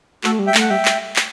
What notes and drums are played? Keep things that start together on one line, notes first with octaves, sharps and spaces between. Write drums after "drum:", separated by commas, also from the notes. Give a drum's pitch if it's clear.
A3 F#4 A4, drum: clap
G3
E5 G5
A3, drum: clap
F#5
G3 E5 G5
drum: clap
drum: clap